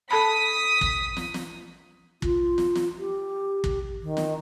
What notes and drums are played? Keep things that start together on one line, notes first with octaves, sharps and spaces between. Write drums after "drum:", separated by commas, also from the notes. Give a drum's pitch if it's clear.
A4 A5 B5 D#6 B6
drum: kick
drum: snare
drum: snare
F4, drum: kick
drum: snare
drum: snare
G4
drum: kick
D#3
drum: snare